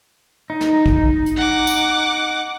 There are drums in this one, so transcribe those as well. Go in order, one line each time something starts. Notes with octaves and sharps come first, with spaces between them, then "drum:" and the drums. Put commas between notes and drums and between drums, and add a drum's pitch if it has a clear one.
D#4
drum: snare
drum: kick
drum: hi-hat
F#5 D6
drum: tambourine